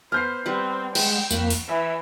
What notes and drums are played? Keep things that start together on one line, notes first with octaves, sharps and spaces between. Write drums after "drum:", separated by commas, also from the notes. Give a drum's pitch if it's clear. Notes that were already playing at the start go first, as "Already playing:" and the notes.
B3 C5 F6 G6 C7
G3 C4 B4 F#5
G#3 C5 F#5 G5 B5, drum: cymbal
F2 A#3 F#5 B5 C#6, drum: tambourine
drum: open hi-hat
E3 E5